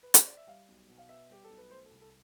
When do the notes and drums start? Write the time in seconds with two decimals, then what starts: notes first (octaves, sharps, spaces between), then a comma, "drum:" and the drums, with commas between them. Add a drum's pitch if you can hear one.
0.03 B4
0.14 C5, drum: hi-hat
0.26 D5
0.37 E5
0.47 G3 F5
0.68 B1
0.89 B2
0.98 F5
1.09 B3 E5
1.30 G3 G4
1.44 A4
1.50 B1
1.58 B4
1.71 A3 C5
1.86 A4
1.91 C2
2.01 A4